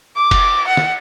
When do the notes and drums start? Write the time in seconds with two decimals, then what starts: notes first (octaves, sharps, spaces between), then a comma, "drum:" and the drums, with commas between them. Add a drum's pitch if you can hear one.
0.16 D6
0.31 drum: kick F1, cymbal
0.67 F#5
0.77 drum: snare